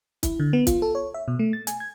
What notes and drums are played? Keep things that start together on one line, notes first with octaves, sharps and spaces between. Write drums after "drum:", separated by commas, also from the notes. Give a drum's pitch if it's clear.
E4, drum: kick, hi-hat
D3
B3
F4, drum: kick, hi-hat
A4
C#5
E5
B2
A3
A6
G#5, drum: hi-hat
G#6